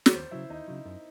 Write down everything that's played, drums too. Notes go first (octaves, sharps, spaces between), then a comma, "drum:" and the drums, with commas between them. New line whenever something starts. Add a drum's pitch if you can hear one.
C#5, drum: snare
D#2 C5
C#3 F#3 E4
D#2 D#4
C#3 F#3
F#2